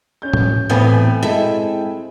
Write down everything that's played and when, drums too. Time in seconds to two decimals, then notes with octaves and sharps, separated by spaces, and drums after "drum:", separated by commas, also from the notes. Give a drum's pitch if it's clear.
0.22 C#4 G6
0.33 drum: tom A2
0.70 E2 A2 B3 C4 G#5 B5
1.23 G#3 E4 A4 E5